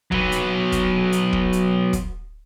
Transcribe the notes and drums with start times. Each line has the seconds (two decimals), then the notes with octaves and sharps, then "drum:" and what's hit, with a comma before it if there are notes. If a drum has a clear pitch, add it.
0.12 F#3 B3, drum: kick
0.32 drum: hi-hat
0.72 drum: kick, hi-hat
1.12 drum: hi-hat
1.33 drum: kick
1.53 drum: hi-hat
1.93 drum: kick, hi-hat